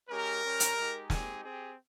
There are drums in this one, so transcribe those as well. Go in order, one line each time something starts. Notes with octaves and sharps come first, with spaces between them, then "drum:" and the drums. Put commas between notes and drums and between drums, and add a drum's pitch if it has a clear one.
G#3 C#4 G4 A#4
G3 C#4 G4
drum: hi-hat
G#3 D#4 G4
G#3 C4 D#4 G4 G#4, drum: snare
C4 G4 G#4